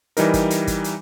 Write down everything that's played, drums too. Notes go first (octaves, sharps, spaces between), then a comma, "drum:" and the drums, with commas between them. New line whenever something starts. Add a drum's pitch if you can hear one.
E3 G3 D#4 A#4, drum: hi-hat
drum: kick, hi-hat
drum: hi-hat
drum: kick, hi-hat
drum: hi-hat